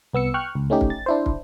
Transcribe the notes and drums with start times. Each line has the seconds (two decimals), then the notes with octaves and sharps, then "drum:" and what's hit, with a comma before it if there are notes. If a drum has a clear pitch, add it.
0.13 C2 B3 E6 C#7
0.34 G5 C#6 F6 F#6
0.55 C#2
0.70 A3 C#4 D#4 G4
0.81 drum: kick
0.90 A6
1.06 D4 E4 C5
1.26 drum: kick